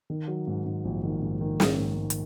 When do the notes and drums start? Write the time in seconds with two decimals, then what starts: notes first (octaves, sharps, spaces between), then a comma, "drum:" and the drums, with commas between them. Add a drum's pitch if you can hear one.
0.10 D#3
0.28 F#3
0.47 G#2
0.66 G#2
0.85 A#1
1.03 D#3
1.22 G#2
1.41 D#3
1.60 G#2, drum: snare
1.78 G#2
1.98 G#2
2.10 drum: hi-hat